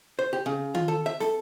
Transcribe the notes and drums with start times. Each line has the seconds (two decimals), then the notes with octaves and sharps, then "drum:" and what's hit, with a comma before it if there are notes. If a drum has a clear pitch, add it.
0.19 C5
0.33 G4
0.46 C#3
0.75 F4, drum: tom D#3
0.88 A4
1.06 E5
1.20 A4, drum: snare